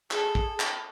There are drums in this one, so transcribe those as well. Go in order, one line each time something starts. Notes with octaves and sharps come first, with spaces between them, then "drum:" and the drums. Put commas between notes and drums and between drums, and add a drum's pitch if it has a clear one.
G#4 A4, drum: clap
drum: kick
drum: clap